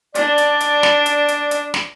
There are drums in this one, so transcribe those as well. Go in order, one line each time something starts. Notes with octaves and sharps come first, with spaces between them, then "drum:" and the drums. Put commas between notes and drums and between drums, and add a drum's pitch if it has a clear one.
D4 D5, drum: hi-hat
drum: hi-hat
drum: hi-hat
drum: snare
drum: hi-hat
drum: hi-hat
drum: hi-hat
drum: snare